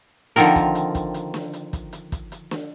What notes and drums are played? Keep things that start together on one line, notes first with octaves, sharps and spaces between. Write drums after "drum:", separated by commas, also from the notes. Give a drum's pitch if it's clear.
D3 D#3 F3 C4 A#4, drum: hi-hat
drum: kick, hi-hat
drum: hi-hat
drum: kick, hi-hat
drum: hi-hat
drum: snare
drum: hi-hat
drum: kick, hi-hat
drum: hi-hat
drum: kick, hi-hat
drum: hi-hat
drum: snare